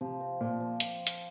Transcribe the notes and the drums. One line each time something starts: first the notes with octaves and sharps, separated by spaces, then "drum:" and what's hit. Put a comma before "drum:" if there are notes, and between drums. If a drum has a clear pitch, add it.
C3 F3
C4
A#2 F3
F3
drum: hi-hat
drum: hi-hat